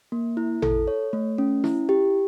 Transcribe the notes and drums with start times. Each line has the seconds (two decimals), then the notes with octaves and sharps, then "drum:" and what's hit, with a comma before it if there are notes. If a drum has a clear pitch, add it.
0.12 A#3
0.37 E4
0.62 A4, drum: tom A1
0.88 C#5
1.13 A3
1.38 C#4
1.64 E4, drum: snare
1.89 G4